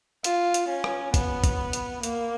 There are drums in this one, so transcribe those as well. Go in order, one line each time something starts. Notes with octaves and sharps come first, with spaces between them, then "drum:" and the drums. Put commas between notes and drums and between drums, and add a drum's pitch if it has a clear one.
F4, drum: hi-hat
drum: hi-hat
C#4
drum: rim click
B3, drum: kick, hi-hat
drum: kick, hi-hat
drum: hi-hat
A#3, drum: hi-hat